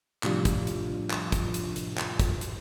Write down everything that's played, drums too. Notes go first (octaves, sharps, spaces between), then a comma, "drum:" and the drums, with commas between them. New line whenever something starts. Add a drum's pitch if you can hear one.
A2 C3 F3 G3 D4 F4, drum: clap
drum: kick, hi-hat
drum: hi-hat
drum: clap
drum: kick, hi-hat
drum: hi-hat
drum: hi-hat
drum: clap
drum: kick, hi-hat
drum: hi-hat